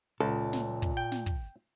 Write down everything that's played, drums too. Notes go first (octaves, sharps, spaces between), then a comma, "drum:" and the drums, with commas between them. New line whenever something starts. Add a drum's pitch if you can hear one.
C#2 A#2 A4
drum: snare
drum: kick
G5
drum: snare
drum: kick